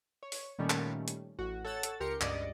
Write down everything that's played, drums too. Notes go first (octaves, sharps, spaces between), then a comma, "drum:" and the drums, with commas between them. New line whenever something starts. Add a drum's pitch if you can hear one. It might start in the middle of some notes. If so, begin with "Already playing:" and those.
C#5
drum: open hi-hat
A#2 D#3 G3 A3 C#4
drum: clap
drum: hi-hat
A1 F#4
A4 C#5 F#5 E6 A6
drum: hi-hat
C#2 G4 A#4 C6 C#7
C#2 G2 D5 D#5 C#7, drum: clap